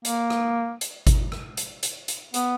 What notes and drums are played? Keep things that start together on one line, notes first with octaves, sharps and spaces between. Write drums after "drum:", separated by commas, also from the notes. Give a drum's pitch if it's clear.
A#3, drum: hi-hat
drum: rim click
drum: hi-hat
drum: kick G#1, hi-hat
drum: rim click
drum: hi-hat
drum: hi-hat
drum: hi-hat
B3, drum: hi-hat